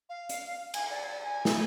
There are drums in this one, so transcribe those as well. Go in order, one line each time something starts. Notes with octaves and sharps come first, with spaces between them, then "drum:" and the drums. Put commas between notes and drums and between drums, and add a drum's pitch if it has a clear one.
F5
drum: hi-hat
G#5, drum: cymbal
D5
D5
G#5
drum: snare